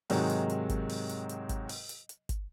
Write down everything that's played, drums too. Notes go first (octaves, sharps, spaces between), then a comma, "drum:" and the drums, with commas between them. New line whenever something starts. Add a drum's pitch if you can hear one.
G#2 C3 D#3 F#3 G#3, drum: open hi-hat
drum: hi-hat
drum: hi-hat
drum: kick G1, hi-hat
drum: open hi-hat
drum: hi-hat
drum: hi-hat
drum: kick G1, hi-hat
drum: open hi-hat
drum: hi-hat
drum: hi-hat
drum: kick G1, hi-hat